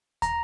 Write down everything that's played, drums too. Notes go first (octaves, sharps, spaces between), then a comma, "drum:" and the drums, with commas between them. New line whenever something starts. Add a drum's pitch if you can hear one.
A#5, drum: kick, hi-hat